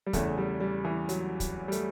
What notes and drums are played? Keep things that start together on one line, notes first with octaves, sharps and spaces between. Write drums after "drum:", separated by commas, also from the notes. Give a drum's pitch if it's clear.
G3
E2 C#3 E3 A3, drum: kick, hi-hat
G3
G3
E3
F#3, drum: hi-hat
drum: kick, hi-hat
G3
A3, drum: hi-hat